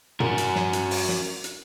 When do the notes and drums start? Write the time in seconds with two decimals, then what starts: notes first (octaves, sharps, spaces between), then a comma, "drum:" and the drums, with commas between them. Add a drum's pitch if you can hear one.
0.20 F#4 A#4, drum: tom
0.38 drum: hi-hat
0.55 drum: snare
0.73 drum: hi-hat
0.91 drum: open hi-hat
1.08 drum: snare
1.44 drum: hi-hat